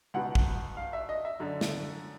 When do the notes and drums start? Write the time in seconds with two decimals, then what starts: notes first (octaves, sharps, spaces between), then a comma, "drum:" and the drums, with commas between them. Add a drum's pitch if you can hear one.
0.14 C#2 B2 F#5
0.35 drum: kick
0.77 F5
0.93 E5
1.09 D#5
1.25 E5
1.40 F#2 D3
1.61 drum: snare